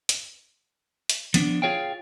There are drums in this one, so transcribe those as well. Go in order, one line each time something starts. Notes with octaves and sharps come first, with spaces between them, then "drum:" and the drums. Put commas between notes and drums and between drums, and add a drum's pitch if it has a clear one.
drum: hi-hat
drum: hi-hat
F3 B3 D4, drum: hi-hat
F4 G#4 C#5 F5 G5